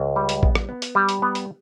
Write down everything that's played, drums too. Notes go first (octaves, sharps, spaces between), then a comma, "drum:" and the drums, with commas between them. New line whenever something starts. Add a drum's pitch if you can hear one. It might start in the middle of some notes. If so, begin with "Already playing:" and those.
Already playing: C#2
G3
drum: hi-hat
B3, drum: kick A1
drum: rim click
B3
drum: hi-hat
G3
drum: hi-hat
B3
drum: hi-hat